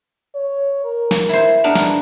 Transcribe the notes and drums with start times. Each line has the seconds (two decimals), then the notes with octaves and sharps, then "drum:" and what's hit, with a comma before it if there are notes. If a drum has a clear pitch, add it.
0.34 C#5
0.84 A#4
1.11 drum: snare
1.29 E4 C5
1.64 G#2 B3 D4 A#4
1.75 drum: snare